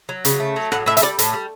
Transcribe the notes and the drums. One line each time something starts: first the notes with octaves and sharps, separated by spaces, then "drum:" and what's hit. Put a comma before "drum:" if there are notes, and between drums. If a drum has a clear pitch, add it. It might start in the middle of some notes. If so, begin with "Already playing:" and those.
F#3
C#3, drum: hi-hat
A3
F#3
A2 F#5, drum: rim click
A2 E5
E5, drum: hi-hat
G3 D5
A2, drum: hi-hat
G3